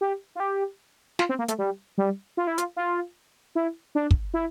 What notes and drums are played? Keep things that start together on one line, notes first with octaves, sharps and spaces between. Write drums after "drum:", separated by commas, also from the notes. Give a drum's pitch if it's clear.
G4
F4
G4
F4, drum: snare
C4
A#3
A3, drum: hi-hat
G3
G3
F4
E4
F4, drum: hi-hat
F4
E4
D4
drum: kick
E4